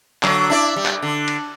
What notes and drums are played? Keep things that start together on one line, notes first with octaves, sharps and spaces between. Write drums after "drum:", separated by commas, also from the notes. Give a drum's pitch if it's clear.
D3 F#3, drum: clap
D4 E4 D5
G3
drum: clap
D3
drum: cymbal